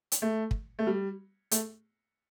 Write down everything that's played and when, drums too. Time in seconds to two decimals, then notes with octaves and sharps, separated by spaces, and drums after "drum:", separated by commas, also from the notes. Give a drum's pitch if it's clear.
0.12 drum: hi-hat
0.22 A3
0.51 drum: kick
0.79 A3
0.87 G3
1.51 A3, drum: hi-hat